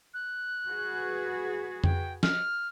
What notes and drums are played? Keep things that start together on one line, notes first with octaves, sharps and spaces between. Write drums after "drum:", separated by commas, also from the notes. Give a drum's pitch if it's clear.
F#6
F#4 G#4 B4
G5, drum: tom F2
F6, drum: snare